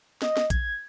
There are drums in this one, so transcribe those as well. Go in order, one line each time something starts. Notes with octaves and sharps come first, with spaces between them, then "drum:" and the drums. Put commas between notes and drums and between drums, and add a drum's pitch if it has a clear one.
D#5, drum: snare
drum: snare
G#6, drum: kick, hi-hat